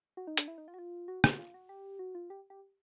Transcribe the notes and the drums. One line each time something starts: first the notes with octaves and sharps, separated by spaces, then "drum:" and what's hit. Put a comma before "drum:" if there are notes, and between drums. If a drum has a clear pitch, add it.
F#4
D#4
D4, drum: hi-hat
E4
D#4
F4
F#4
F4
F#4
F#4, drum: rim click
F4
F#4
G4
F#4
F4
G4
G4